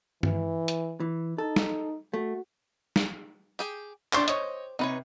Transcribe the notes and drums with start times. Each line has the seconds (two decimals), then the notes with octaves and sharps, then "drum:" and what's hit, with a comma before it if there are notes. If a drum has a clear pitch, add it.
0.23 E3, drum: tom G2
0.68 drum: hi-hat
1.00 E3
1.38 D#4 A4
1.56 drum: snare
2.14 A3 F#4
2.96 drum: snare
3.59 G4 G#4 G5
4.13 D4 G4 C5 C6 C#6, drum: clap
4.28 C#5 D#5, drum: hi-hat
4.79 C3 D#4 B4 C#5